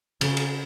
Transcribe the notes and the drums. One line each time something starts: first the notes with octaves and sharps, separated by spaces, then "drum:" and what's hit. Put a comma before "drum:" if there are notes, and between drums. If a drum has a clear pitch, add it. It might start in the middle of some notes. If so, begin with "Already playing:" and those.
C#3, drum: cymbal
drum: cymbal